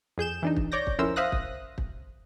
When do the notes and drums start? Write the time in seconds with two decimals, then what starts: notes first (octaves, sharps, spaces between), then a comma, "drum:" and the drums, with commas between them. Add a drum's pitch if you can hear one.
0.18 F2 G#4 G6 E7
0.43 E3 D4 D#4
0.57 drum: kick
0.72 C#5 D5 G6 A#6
0.87 drum: kick
0.99 F2 C#4 E4 A#4 C5 E6
1.16 C5 E5 F5 D#6 F#6 A#6
1.32 drum: kick
1.78 drum: kick